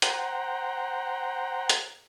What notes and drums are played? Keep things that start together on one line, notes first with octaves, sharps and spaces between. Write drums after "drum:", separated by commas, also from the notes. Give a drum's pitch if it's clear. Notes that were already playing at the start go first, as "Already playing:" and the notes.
C5 F#5 G5 A#5, drum: hi-hat
drum: hi-hat